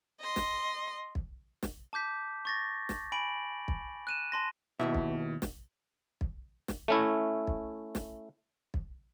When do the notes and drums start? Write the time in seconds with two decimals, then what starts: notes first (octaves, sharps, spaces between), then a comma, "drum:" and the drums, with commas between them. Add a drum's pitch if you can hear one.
0.20 D#5 C6
0.36 drum: snare
1.15 drum: kick
1.63 drum: snare
1.93 A5 D6 G6 B6
2.45 C#6 A6 A#6
2.89 drum: snare
3.12 G#5 B5 D7 F#7
3.68 drum: kick
4.07 F#6 D#7 E7
4.32 A5 C6 A#6
4.80 D#2 B2 E4 E5
4.94 drum: kick
5.42 drum: snare
6.21 drum: kick
6.68 drum: snare
6.88 A3 C#4 E4
7.47 drum: kick
7.95 drum: snare
8.74 drum: kick